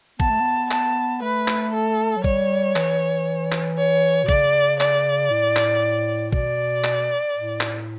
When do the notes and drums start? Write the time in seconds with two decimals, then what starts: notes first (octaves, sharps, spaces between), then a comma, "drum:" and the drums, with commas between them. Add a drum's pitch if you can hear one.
0.20 B3 A5, drum: kick
0.30 A3
0.40 B3
0.71 A5, drum: clap
1.22 A3 B4
1.48 drum: clap
1.73 A4
2.17 F#3
2.24 G3 C#5, drum: kick
2.76 E3, drum: clap
3.52 drum: clap
3.78 C#5
4.24 B2
4.29 C#3 D5, drum: kick
4.80 D5, drum: clap
5.31 A2
5.56 drum: clap
6.32 B2 D5, drum: kick
6.84 drum: clap
7.36 A2
7.61 drum: clap